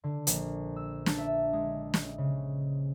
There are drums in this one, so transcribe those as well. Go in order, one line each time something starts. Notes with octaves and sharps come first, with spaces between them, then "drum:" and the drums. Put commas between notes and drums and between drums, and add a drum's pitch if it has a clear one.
D3
A#1, drum: hi-hat
E6
D4, drum: snare
E5
G#3
drum: snare
C#3